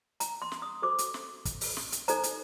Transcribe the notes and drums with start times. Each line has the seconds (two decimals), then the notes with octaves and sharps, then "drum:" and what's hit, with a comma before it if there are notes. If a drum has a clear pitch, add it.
0.20 A#5, drum: hi-hat
0.42 C6
0.52 drum: snare
0.62 D#6
0.82 F#4 A4 C5 D6
0.98 drum: hi-hat
1.14 drum: snare
1.45 drum: kick, hi-hat
1.61 drum: open hi-hat
1.77 drum: snare
1.92 drum: hi-hat
2.08 D#4 A4 C5 A#5, drum: hi-hat
2.23 drum: hi-hat